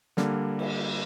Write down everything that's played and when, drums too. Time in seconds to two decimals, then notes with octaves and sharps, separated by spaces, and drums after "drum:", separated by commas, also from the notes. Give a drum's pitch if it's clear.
0.17 D3 G3 A#3, drum: snare
0.59 drum: cymbal